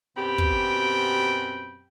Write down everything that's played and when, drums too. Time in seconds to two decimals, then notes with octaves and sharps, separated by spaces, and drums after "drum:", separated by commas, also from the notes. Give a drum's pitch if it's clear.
0.17 F#2 B2 C4 G4 G5 B5
0.38 drum: kick